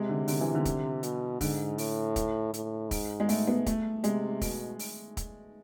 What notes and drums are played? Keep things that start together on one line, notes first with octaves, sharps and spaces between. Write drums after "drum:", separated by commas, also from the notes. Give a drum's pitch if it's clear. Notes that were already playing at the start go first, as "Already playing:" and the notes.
Already playing: C3 G#3
D3
D3, drum: open hi-hat
E3
D3
drum: kick, hi-hat
B2, drum: hi-hat
G#2 D3, drum: kick, open hi-hat
A2, drum: open hi-hat
drum: kick, hi-hat
A2, drum: hi-hat
G#2, drum: kick, open hi-hat
G#3
A3, drum: open hi-hat
B3
A3, drum: kick, hi-hat
C3 G#3, drum: hi-hat
B2, drum: kick, open hi-hat
drum: open hi-hat
drum: kick, hi-hat